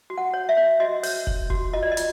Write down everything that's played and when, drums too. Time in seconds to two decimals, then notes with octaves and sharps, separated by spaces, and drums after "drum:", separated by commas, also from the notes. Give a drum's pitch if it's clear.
0.10 F#4
0.18 F#5
0.34 C#5
0.49 E5
0.57 C#5
0.80 F#4 D#5
1.03 C#5, drum: open hi-hat
1.27 C#5, drum: kick F1
1.50 F#4, drum: kick F1
1.73 F4 D#5
1.83 D5
1.92 D#5
1.97 F4, drum: hi-hat